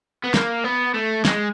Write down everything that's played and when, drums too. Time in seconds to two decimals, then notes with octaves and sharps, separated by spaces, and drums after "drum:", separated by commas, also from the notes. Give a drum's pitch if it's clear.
0.24 B3
0.34 A#3, drum: snare
0.64 B3
0.94 A3
1.25 G#3, drum: snare